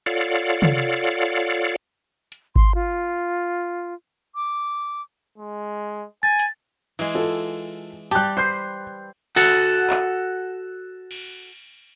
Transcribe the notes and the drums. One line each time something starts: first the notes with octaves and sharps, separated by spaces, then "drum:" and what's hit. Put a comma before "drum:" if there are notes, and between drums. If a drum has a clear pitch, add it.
F4 A4 C#5 D5 F5 F#5
drum: tom
drum: hi-hat
drum: hi-hat
C6, drum: kick G#1
F4
D6
G#3
G#5 A6
drum: hi-hat
E3 G#3, drum: cymbal
F4 A4
G3 G4 A5 F#6, drum: hi-hat
B4 C5 G6 C7
F#4 A4 F#5, drum: tambourine
drum: clap
drum: cymbal